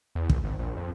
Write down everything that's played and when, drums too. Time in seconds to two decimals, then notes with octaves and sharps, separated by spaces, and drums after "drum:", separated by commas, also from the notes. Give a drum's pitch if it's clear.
0.15 E2
0.30 A#1, drum: kick
0.43 G#1
0.59 A#1
0.77 F2